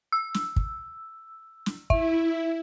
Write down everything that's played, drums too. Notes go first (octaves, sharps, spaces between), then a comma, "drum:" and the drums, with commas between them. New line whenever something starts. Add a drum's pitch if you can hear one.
E6
drum: snare
drum: kick
drum: snare
E4 E5, drum: kick